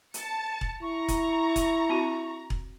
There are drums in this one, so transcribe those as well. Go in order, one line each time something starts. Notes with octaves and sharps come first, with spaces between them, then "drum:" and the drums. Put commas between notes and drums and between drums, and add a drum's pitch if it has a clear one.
A5 C#7, drum: hi-hat
drum: kick E1
E4 A#5 C#6
drum: kick E1, hi-hat
drum: kick E1, hi-hat
C4 D4 F#4
drum: kick E1